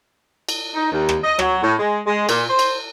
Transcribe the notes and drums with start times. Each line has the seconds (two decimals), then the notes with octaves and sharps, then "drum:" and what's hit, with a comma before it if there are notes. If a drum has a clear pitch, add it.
0.49 drum: cymbal
0.74 D#4
0.91 D#2
1.09 drum: rim click
1.24 D#5
1.39 F#3, drum: rim click
1.62 A2
1.79 G#3
2.06 G#3
2.29 A#2, drum: cymbal
2.50 C5
2.59 drum: cymbal